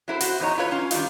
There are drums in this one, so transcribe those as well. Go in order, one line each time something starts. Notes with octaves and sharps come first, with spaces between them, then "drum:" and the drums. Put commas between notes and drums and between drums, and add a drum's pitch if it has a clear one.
F#3 E4 B4 C5
F#4 C5, drum: hi-hat
E2 A2 D#4 C#5 A#5
E4 F4 B4 C#5
C#4 F4
D#3 G3 G#3 D#4 F4, drum: hi-hat